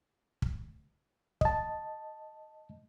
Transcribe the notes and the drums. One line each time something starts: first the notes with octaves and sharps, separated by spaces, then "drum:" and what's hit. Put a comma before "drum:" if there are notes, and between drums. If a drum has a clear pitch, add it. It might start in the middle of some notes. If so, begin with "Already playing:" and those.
drum: kick
D#5 A5, drum: kick